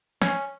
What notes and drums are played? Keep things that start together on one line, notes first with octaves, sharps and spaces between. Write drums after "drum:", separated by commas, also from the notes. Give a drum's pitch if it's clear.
C#4, drum: snare